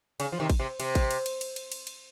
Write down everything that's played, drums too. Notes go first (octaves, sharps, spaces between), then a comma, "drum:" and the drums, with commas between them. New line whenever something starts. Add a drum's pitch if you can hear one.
C#3, drum: cymbal
F3
C3 D#3
drum: kick A1, cymbal
C3
C3, drum: cymbal
drum: kick A1, cymbal
drum: cymbal
drum: cymbal
drum: cymbal
drum: cymbal
drum: cymbal
drum: cymbal